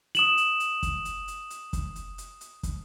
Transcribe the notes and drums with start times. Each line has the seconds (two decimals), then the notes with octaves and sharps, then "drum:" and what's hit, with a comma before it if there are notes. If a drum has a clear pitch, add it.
0.15 D#6 E7 F#7, drum: hi-hat
0.37 drum: hi-hat
0.60 drum: hi-hat
0.83 drum: kick, hi-hat
1.05 drum: hi-hat
1.28 drum: hi-hat
1.50 drum: hi-hat
1.73 drum: kick, hi-hat
1.96 drum: hi-hat
2.18 drum: hi-hat
2.41 drum: hi-hat
2.63 drum: kick, hi-hat